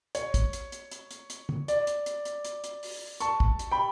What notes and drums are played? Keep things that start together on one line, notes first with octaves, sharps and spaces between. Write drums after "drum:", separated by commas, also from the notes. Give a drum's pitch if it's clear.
C#5, drum: hi-hat
drum: kick, hi-hat
drum: hi-hat
drum: hi-hat
drum: hi-hat
drum: hi-hat
drum: hi-hat
drum: tom
D5, drum: hi-hat
drum: hi-hat
drum: hi-hat
drum: hi-hat
drum: hi-hat
drum: hi-hat
drum: open hi-hat
A5 C#6, drum: hi-hat
drum: kick
drum: hi-hat
G5 B5